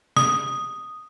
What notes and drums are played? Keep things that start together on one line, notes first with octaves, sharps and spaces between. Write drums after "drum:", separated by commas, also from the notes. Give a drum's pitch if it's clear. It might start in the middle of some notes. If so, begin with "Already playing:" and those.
D#6, drum: snare